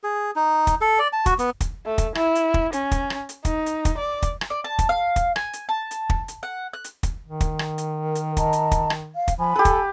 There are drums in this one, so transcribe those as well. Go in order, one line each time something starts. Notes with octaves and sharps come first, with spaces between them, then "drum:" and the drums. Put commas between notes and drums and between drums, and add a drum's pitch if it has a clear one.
G#4
D#4
drum: kick, hi-hat
A4
D5
A5
F#4, drum: kick, hi-hat
B3, drum: hi-hat
drum: kick, hi-hat
A3
drum: kick, hi-hat
E4, drum: rim click
drum: hi-hat
drum: kick
C#4, drum: hi-hat
drum: kick, hi-hat
drum: rim click
drum: hi-hat
D#4, drum: kick, hi-hat
drum: hi-hat
drum: kick, hi-hat
D5
drum: kick, hi-hat
drum: rim click
D5
A5
drum: kick, hi-hat
F5
drum: kick, hi-hat
G#5, drum: rim click
drum: hi-hat
A5
drum: hi-hat
drum: kick
drum: hi-hat
F#5
F#6
drum: hi-hat
drum: kick, hi-hat
D#3
drum: kick, hi-hat
drum: rim click
drum: hi-hat
A#4
drum: hi-hat
D#5 A5 A#5, drum: kick, hi-hat
drum: hi-hat
drum: kick, hi-hat
drum: rim click
F5
drum: kick, hi-hat
F3 G#5 B5
G4 A4 B4
drum: kick, hi-hat